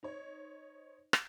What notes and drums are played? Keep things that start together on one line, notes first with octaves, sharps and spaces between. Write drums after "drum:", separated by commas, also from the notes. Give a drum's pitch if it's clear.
D#4 C5 C#5
drum: rim click